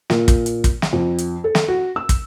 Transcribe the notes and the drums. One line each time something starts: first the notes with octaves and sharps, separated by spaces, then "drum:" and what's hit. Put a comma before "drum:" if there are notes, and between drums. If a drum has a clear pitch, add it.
A#2, drum: snare
drum: kick, hi-hat
drum: hi-hat
drum: kick, hi-hat
drum: snare
F2
drum: hi-hat
A4
drum: snare
F#4
E6
drum: kick, hi-hat